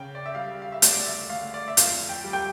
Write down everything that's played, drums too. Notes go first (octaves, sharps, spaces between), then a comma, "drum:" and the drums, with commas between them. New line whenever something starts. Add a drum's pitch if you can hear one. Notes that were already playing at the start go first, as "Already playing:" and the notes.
Already playing: C#3 G5
D5
E5
G3 F5
F5
E5
D2 D5, drum: hi-hat
D5
E5
D2 F5
D5
E5
F2 F5, drum: hi-hat
G5
G3
G5